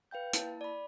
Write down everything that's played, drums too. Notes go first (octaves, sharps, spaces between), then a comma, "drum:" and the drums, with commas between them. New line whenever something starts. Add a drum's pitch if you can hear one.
B4 F5 G5 G6
A#3 E4 A5, drum: hi-hat
D5 B5